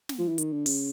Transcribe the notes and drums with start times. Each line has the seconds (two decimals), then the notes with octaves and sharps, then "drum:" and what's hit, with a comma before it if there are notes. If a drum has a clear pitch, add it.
0.09 drum: snare
0.19 F3
0.28 E3
0.38 D#3, drum: hi-hat
0.52 D3
0.66 C#3, drum: open hi-hat